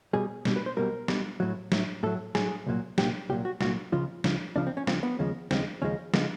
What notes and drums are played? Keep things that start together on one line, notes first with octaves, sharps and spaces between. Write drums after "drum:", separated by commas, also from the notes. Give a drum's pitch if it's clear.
B1 B2 G3 G#4
B1 B2 G3, drum: snare
B4
C5
B1 B2 G3 A#4
B1 B2 G3, drum: snare
A2 F#3
A2 F#3, drum: snare
A2 F#3 A4
A2 F#3 G#4, drum: snare
C2 A#2 F#3
C2 A#2 F#3 G4, drum: snare
C2 A#2 F#3 G4
F#4
C2 A#2 F#3 F#4, drum: snare
C#2 C#3 F3 F4
C#2 C#3 F3, drum: snare
C#2 C#3 F3 D4
C4
C#4
C#2 C#3 F3 C4, drum: snare
B3
D#2 C#3 F3 G#3
D#2 C#3 F3 G#3 C4, drum: snare
D#2 C#3 F3 G#3 C#4
C#3 F3 G#3 B3, drum: snare